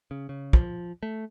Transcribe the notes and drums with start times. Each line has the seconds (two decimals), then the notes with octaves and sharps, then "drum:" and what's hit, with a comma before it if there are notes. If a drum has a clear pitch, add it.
0.11 C#3
0.29 C#3
0.53 F3, drum: kick
1.03 A3